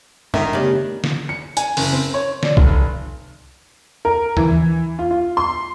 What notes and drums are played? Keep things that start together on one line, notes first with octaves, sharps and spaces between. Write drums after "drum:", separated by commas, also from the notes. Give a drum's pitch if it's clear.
D#3 A#3 A#4 E5, drum: tom
C#3 A3 B3 D4 G4
drum: snare
C#7
G#5, drum: hi-hat
F#1, drum: open hi-hat
C4
C#5
D5, drum: snare
F1, drum: kick B1
A#4
E3, drum: tom
F4
F4
C6